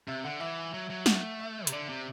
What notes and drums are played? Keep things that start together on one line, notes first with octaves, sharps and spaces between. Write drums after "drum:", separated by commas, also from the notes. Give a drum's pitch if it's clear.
C3 E5
D3 F#5
E3 E5
F#3
F#3
A3 F#5, drum: snare
E5
C3, drum: hi-hat
D3 D5
C3